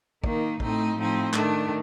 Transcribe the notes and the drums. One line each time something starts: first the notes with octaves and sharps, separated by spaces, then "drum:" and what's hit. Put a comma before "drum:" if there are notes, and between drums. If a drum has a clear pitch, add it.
D#3 A#3 D#4, drum: kick
A2 A3 C4 D#4, drum: kick
A2 F3 C4 D#4
D#3 A3 D4, drum: clap